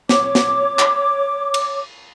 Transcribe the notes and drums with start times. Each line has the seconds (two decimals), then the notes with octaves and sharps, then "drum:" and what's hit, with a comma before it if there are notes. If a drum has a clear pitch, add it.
0.09 C#5 D6, drum: snare
0.35 drum: snare
0.79 drum: clap
1.54 drum: cymbal